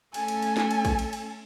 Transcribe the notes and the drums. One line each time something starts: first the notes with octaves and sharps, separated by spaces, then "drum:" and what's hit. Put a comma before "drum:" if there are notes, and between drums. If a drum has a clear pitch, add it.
A3 C#4 A4 G#5, drum: cymbal
drum: cymbal
drum: cymbal
drum: snare
drum: cymbal
drum: kick, cymbal
drum: cymbal
drum: cymbal